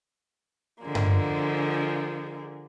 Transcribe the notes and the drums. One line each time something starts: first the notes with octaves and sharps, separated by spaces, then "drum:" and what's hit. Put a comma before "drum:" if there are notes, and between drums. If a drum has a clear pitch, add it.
D3 F3 G#3 A#3
drum: tom G2